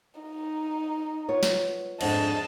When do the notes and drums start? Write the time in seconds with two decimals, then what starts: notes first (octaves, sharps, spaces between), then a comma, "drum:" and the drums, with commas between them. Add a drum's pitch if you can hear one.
0.20 D#4
1.28 B3 F4 C#5
1.43 drum: snare
2.01 F2 G#2 D4 D#5 A5, drum: cymbal